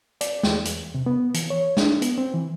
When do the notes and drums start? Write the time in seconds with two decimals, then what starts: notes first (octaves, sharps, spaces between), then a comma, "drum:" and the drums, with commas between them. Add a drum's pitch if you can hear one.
0.21 D5, drum: hi-hat
0.43 E2, drum: snare
0.65 drum: hi-hat
0.94 C3
1.06 B3
1.34 E3, drum: hi-hat
1.50 C#5
1.77 D4, drum: snare
2.02 B3, drum: hi-hat
2.18 C4
2.34 E3